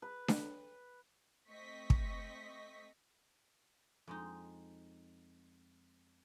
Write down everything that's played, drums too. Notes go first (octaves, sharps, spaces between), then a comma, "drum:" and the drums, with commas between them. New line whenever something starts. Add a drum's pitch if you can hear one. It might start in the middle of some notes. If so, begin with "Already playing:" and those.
B4
drum: snare D4
A3 C4 D#5 C#6 B6
drum: kick
F2 G#3 D#4